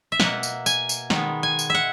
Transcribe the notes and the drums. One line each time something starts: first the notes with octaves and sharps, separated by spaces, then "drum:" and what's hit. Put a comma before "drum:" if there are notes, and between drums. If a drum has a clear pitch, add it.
E5
B2 A#3 F#5, drum: snare
drum: tambourine
G#5, drum: tambourine
drum: tambourine
D#3 G#3 B3, drum: snare
G#5
drum: tambourine
E5 F#5